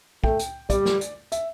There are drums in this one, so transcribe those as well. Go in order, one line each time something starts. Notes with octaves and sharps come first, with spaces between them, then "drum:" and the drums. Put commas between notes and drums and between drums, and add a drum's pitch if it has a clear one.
A3 G5, drum: kick
drum: hi-hat
G3 D5, drum: kick, hi-hat
drum: snare
drum: hi-hat
E5, drum: hi-hat